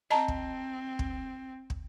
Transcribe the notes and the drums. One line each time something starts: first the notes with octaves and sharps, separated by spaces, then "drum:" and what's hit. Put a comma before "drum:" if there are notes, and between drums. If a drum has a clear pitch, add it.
C4 D#5 A5 A#5
drum: kick
drum: kick
drum: kick